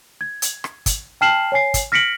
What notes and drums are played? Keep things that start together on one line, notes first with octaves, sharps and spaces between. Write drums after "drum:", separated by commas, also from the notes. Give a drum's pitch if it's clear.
G#6
drum: hi-hat
drum: rim click
drum: kick, hi-hat
G5 A5 F6 C7 E7 F#7
C#5 G#5 C7
drum: kick, hi-hat
F6 A#6 B6 C#7 D7 F#7